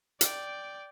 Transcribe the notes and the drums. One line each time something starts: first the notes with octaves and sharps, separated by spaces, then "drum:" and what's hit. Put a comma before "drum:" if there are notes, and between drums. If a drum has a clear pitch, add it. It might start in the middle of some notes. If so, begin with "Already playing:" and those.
D5 G5, drum: hi-hat